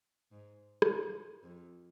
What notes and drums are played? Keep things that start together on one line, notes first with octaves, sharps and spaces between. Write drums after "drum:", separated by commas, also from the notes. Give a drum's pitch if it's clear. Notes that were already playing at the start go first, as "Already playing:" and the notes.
G#2
drum: rim click
F2